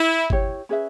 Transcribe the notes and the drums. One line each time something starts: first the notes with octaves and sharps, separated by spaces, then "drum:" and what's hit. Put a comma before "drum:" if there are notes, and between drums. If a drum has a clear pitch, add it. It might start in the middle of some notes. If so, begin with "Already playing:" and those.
Already playing: E4
E4 G4 C#5, drum: kick G1
C#4 G#4 B4 E5